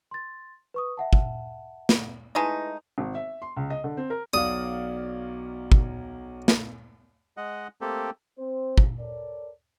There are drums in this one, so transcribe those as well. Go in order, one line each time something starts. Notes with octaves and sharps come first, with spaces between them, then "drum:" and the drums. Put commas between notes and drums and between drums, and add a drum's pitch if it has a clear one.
C6 A6
B4 C#6 D#6
E5 F#5 A5
drum: kick
drum: snare
G#3 A3 D#4 E4 B4 A#6
G#1
E5
C6
C#2
D#5
D3
C4
A#4
B1 F#3 D5 F5 D#6
drum: kick
drum: snare
G#3 D#5 F#5
A3 A#3 C4 G4 A4
C4 C5
drum: kick
A4 A#4 C#5 D5